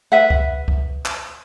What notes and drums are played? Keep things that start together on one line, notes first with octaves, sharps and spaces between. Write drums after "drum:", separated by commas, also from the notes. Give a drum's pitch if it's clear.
B4 E5 F#5
drum: kick C#2
drum: kick C#2
drum: clap